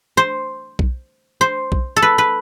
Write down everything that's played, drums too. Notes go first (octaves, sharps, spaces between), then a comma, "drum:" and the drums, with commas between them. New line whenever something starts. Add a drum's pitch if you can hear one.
C5
drum: kick B1
C5
drum: kick B1
A4
B4
B4